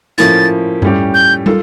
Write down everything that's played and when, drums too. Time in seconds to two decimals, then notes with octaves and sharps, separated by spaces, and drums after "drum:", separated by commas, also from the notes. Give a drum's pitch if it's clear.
0.18 A2 F3 A#3 C#4 E4 A6, drum: hi-hat
0.82 A2 G3 C#4 G4, drum: tom G2
1.14 G6
1.46 F4 A4, drum: tom